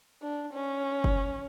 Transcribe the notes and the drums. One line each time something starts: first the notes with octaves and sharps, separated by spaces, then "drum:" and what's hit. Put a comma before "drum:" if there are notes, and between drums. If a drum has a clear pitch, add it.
D4
C#4
drum: kick F#1